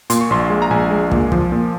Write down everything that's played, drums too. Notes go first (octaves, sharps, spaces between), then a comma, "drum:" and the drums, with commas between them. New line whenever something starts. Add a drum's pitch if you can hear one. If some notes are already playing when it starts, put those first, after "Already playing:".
A#2 C6, drum: hi-hat
C#6
A#1 C6
G#3
A#5
A#1 G#5
G#3
A#2, drum: kick
F3, drum: kick
A#2